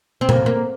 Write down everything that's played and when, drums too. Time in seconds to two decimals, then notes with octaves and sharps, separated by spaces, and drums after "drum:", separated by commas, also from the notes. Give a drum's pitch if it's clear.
0.21 C4
0.29 A#3, drum: tom A#2
0.46 A#3